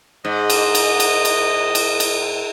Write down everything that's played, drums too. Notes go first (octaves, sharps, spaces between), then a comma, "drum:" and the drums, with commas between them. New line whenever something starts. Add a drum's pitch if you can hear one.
G#2 D#5
drum: cymbal
drum: cymbal
drum: cymbal
drum: cymbal
drum: cymbal
drum: cymbal